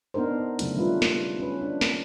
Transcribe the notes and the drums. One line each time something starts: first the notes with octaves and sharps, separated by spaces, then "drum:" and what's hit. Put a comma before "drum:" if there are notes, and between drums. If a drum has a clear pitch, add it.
B3 D4 D#4 A#4 C5
C#3 F#3 A3 E4, drum: hi-hat
D#3 G3 D4 F4 B4
drum: snare
C#4 B4
D4
drum: snare